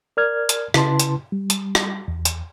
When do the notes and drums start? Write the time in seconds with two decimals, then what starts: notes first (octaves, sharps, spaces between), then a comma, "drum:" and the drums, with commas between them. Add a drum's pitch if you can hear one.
0.17 A#4 D5 F6 G#6
0.49 drum: hi-hat
0.74 C#3 E4 B4 A5 C6, drum: rim click
1.00 drum: hi-hat
1.32 G3
1.50 drum: hi-hat
1.75 drum: rim click
2.08 E2
2.25 drum: hi-hat